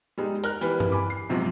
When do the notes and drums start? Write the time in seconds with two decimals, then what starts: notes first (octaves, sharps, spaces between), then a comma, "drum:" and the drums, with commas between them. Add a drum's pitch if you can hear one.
0.18 G3 G#3 D#4
0.44 A#4 F6 F#6, drum: hi-hat
0.61 E3 G3 B4, drum: hi-hat
0.80 drum: tom G2
0.92 G#5 B5 D6
1.10 C7
1.30 G#2 C3 F3 F#3